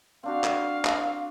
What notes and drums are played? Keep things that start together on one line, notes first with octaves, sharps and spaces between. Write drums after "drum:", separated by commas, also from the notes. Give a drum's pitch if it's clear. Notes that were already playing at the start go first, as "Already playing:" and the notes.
C4 D4 F#4 F5
drum: clap
drum: clap